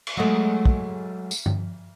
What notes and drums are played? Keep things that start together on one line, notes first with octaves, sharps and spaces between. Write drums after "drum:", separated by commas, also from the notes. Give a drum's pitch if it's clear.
drum: cymbal
F#3 G#3 A3
drum: kick
drum: tambourine
drum: tom G2